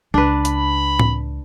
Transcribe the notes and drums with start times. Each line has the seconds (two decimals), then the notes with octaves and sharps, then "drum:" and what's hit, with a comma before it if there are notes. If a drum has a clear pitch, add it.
0.14 C#2 D4 B4
0.45 B5, drum: hi-hat
1.00 drum: tom A2